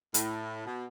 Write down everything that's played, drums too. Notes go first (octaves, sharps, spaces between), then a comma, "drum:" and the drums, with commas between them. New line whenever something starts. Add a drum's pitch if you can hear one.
A2, drum: hi-hat
B2